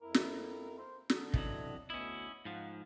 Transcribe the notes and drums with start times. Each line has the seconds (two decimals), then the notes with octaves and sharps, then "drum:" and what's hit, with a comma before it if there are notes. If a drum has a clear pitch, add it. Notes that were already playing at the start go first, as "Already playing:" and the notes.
0.02 F2 E4 A#4
0.14 drum: snare
0.78 C5
1.10 D3 D4 D#4, drum: snare
1.34 C3 E3 F#3 D#5, drum: kick
1.90 D2 B3 C#4 E4 D#5
2.45 G#2 F3 F5 F#5